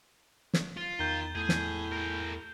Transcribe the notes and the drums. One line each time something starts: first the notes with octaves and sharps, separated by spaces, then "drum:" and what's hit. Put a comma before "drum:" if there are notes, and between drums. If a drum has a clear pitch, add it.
drum: snare
F4
E2 D#3 G6 G7
E2 A2 G#4
drum: snare
G#4 A#4